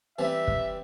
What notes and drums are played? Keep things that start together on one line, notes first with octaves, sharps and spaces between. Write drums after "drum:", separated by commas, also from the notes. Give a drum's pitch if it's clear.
E3 G3 C4 E5
drum: kick